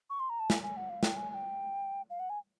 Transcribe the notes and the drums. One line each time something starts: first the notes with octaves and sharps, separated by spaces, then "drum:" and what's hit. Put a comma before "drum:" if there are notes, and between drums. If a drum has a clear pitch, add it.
C#6
C6
A#5
A5
G#5, drum: snare
G#5
F#5
F5
G5, drum: snare
G#5
G#5
G5
F5
F#5
G#5